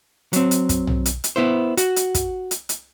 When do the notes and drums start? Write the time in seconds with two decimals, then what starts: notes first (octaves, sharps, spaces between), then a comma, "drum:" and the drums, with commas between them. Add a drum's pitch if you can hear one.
0.33 F#3 C4, drum: hi-hat
0.51 drum: hi-hat
0.69 drum: kick, hi-hat
0.87 drum: tom B1
1.06 drum: hi-hat
1.24 drum: hi-hat
1.36 B3 E4 C5
1.77 F#4, drum: hi-hat
1.96 drum: hi-hat
2.14 drum: kick, hi-hat
2.51 drum: hi-hat
2.69 drum: hi-hat